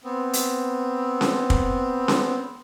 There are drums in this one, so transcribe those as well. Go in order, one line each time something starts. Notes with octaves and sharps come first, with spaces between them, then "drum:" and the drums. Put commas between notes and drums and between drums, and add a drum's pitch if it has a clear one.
B3 C4
drum: hi-hat
drum: snare C#4
drum: kick
drum: snare C#4